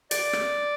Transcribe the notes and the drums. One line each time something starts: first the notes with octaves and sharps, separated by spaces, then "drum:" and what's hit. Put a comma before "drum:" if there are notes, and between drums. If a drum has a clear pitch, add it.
D5, drum: hi-hat
drum: rim click